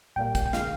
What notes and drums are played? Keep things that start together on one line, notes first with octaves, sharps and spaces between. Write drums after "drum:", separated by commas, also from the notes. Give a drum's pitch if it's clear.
A#1 A#2 G3 A#3 G5
G5, drum: kick A#1, hi-hat
G5
D3 G#3 F5, drum: snare